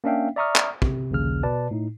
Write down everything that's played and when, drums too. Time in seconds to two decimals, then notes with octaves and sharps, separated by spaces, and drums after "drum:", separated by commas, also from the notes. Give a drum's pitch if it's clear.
0.04 A#3 C#4 D4 E5 F5 G5
0.36 D5 E5 A#5 C#6 D#6 F6
0.56 drum: clap
0.82 C3, drum: kick
1.11 A#1 D#2 C#3 F6
1.43 B2 B4 D5 A5
1.71 A2 D#4